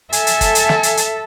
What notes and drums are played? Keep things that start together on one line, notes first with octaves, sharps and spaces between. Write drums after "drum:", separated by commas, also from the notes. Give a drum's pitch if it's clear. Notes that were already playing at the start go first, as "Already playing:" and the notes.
A4 E5 G#5, drum: hi-hat
drum: hi-hat
drum: kick, hi-hat
drum: hi-hat
drum: snare
drum: hi-hat
drum: hi-hat